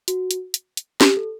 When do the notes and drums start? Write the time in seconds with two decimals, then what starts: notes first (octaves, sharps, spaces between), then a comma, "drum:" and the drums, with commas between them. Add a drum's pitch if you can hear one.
0.08 F#4, drum: hi-hat
0.31 drum: hi-hat
0.54 drum: hi-hat
0.77 drum: hi-hat
1.01 G4, drum: snare
1.17 A4